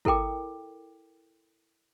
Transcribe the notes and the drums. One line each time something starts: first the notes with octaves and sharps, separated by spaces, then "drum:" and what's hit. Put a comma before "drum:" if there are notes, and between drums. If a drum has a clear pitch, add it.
E4 A4 A#4 G5 D6, drum: kick G#1